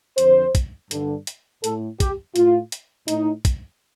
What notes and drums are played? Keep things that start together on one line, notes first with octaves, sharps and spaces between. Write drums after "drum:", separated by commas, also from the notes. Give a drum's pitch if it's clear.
F2 D3 C5, drum: hi-hat
drum: kick, hi-hat
G2 D3, drum: hi-hat
drum: hi-hat
A2 A4, drum: hi-hat
G4, drum: kick, hi-hat
A2 F4, drum: hi-hat
drum: hi-hat
A2 D#4, drum: hi-hat
drum: kick, hi-hat